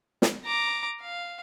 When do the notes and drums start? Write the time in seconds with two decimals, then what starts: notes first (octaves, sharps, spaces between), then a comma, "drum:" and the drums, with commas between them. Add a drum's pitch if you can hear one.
0.22 drum: snare
0.45 A#5 D6
1.01 F5